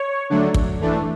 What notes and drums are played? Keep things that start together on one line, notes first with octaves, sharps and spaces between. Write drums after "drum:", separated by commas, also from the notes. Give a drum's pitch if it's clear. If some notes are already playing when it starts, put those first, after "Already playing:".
Already playing: C#5
D3 F#3 A3 D4
drum: kick
E3 A3 D4